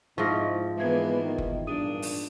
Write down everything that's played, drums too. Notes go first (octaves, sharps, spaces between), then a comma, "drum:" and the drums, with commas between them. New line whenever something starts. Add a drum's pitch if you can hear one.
G#2 C3 F3 E4 D#5 C#6 A#6
E3 G#3 A#3 B3 B4 E5 G#6
D#3
drum: kick F#1
G2 A#2 D4 G#4 D#6 D#7
drum: open hi-hat